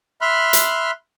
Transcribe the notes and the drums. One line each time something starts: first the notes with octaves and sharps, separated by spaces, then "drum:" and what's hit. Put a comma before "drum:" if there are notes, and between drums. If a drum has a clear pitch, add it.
E5 B5 C6 F6 F#6
drum: hi-hat